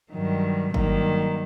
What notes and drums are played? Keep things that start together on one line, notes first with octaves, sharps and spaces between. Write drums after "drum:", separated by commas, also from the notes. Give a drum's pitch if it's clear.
G2 D#3 F#3
G2 D#3 F#3 A#3, drum: kick G1